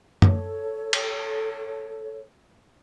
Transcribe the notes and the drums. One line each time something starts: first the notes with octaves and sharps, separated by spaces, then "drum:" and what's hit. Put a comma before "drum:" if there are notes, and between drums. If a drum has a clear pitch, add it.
A4 C#5, drum: tom F#2
drum: cymbal